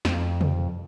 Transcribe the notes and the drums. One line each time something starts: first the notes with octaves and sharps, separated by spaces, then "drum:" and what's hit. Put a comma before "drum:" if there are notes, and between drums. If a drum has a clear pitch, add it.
F2, drum: snare
drum: tom